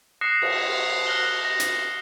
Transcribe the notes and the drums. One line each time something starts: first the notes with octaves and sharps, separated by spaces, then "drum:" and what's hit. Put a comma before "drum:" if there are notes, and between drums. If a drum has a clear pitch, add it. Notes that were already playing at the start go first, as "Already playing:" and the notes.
D#6 F#6 A#6 C7 C#7 E7
drum: cymbal
F6 F#6 A#6 F#7 G7
A#6
drum: hi-hat